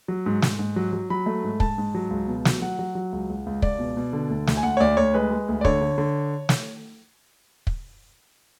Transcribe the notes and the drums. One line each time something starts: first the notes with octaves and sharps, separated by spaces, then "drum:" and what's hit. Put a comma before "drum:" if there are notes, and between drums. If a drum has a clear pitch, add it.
F#3
G#2
G#2, drum: snare
G#2
F#3
F#3
F#3 B5
A3
G#2
G#2 A5, drum: kick
G#2
F#3
C#2
B2
F#3, drum: snare
F#3 F#5
F#3
F#3
C#2
C#2
C#2
C#2 D5, drum: kick
B2
B2
D3
D2
D2, drum: snare
G#5
D2 F#5
C#5
D2 D5
D2 C#5
G#3 B4
G#3
D2
D5
D3 C#5, drum: kick
D3
D3
drum: snare
drum: kick